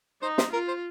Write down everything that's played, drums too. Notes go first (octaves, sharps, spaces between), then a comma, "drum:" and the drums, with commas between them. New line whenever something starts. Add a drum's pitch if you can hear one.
D#4 C5
C5, drum: snare
F4 A#4
C5